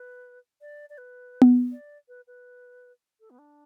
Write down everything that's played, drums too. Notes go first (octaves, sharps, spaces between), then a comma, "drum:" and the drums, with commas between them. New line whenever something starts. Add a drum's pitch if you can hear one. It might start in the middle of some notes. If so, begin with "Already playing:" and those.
Already playing: B4
D5
D5
B4
drum: tom B3
D5
B4
B4
A4
B3
D4